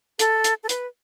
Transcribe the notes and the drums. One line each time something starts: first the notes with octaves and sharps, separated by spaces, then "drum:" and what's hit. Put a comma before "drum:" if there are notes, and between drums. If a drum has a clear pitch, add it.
A4, drum: hi-hat
drum: hi-hat
A4
B4, drum: hi-hat